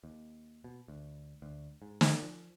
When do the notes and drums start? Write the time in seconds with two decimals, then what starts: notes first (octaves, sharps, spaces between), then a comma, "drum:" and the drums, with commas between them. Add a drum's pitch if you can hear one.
0.04 D#2
0.64 B2
0.88 D2
1.42 D2
1.82 G#2
2.01 drum: snare
2.22 F3